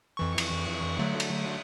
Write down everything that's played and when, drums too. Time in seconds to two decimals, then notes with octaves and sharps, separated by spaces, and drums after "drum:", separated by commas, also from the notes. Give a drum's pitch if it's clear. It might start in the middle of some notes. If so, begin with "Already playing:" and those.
0.17 F2 E3 C#6
0.38 drum: cymbal
0.99 D3 F#3 A3
1.20 drum: cymbal